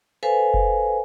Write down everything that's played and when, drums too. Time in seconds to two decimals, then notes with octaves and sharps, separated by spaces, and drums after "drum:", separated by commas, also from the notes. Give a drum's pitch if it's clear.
0.23 A4 B4 C5 F5 G#5
0.54 drum: kick F#1